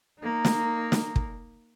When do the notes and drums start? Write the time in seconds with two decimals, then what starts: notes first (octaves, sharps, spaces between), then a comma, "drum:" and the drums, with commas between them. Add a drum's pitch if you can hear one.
0.21 A#3 D#4
0.45 drum: snare
0.92 drum: snare
1.16 drum: kick